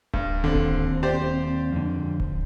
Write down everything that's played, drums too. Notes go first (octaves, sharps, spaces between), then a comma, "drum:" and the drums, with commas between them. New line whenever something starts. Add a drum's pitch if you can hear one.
G2, drum: kick D1
D#2 D3 C4
drum: kick D1
G4 C5 D5
F2 D3
drum: kick D1